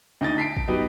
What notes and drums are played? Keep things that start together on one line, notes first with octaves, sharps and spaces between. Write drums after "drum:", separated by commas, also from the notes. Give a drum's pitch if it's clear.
D2 D#4 D#5 A6
A5 B6 C7 D7
drum: kick
F#3 B3 D#4 G4 D#5